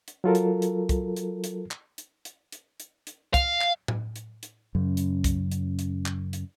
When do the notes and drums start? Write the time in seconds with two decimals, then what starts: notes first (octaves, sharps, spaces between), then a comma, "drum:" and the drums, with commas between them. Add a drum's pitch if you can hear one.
0.08 drum: hi-hat
0.24 F#3 F4 A4 A#4
0.35 drum: hi-hat
0.62 drum: hi-hat
0.89 drum: kick, hi-hat
1.16 drum: hi-hat
1.44 drum: hi-hat
1.71 drum: clap
1.98 drum: hi-hat
2.25 drum: hi-hat
2.52 drum: hi-hat
2.80 drum: hi-hat
3.07 drum: hi-hat
3.34 F5, drum: kick, hi-hat
3.61 drum: clap
3.88 drum: tom A2
4.16 drum: hi-hat
4.43 drum: hi-hat
4.75 F#2 C#3
4.97 drum: hi-hat
5.24 drum: kick, hi-hat
5.52 drum: hi-hat
5.79 drum: hi-hat
6.06 drum: clap
6.33 drum: hi-hat